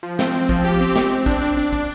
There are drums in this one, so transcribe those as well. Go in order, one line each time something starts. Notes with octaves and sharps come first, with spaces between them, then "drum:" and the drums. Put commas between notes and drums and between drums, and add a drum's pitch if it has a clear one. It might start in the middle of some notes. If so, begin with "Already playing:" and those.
F3
C4, drum: snare
C4
F3, drum: kick
G4
C4
C4, drum: snare
C4
D4, drum: kick
D4
D4
D4, drum: kick